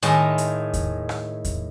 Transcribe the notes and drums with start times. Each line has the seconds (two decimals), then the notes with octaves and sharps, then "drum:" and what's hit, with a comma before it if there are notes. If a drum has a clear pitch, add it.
0.03 A2 D#3 G#3, drum: hi-hat
0.38 drum: hi-hat
0.74 drum: kick E2, hi-hat
1.09 drum: rim click
1.45 drum: kick E2, hi-hat